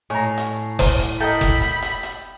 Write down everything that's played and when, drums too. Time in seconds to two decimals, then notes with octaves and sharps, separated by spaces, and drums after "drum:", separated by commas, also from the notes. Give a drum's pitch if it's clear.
0.10 A2 C#5 G#5 A#5 C#6
0.38 drum: hi-hat
0.79 drum: kick F1, open hi-hat
1.00 drum: hi-hat
1.20 A4 A#4 D#5 E5 G5 B5 G6, drum: hi-hat
1.41 drum: kick F1, hi-hat
1.62 drum: hi-hat
1.82 drum: hi-hat
2.03 drum: hi-hat